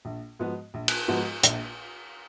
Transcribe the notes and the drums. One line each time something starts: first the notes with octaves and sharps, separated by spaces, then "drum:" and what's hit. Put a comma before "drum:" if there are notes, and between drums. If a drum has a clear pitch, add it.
A#1
G#2 F3 B3 F#4
A#1
drum: cymbal
G#2 F3 B3 F#4
A#1, drum: hi-hat